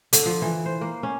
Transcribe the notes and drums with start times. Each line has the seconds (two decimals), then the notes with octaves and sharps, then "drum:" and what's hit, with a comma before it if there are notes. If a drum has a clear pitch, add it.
0.13 D3, drum: hi-hat
0.26 F3
0.42 E3
0.66 C5
0.81 A#3
1.03 C#4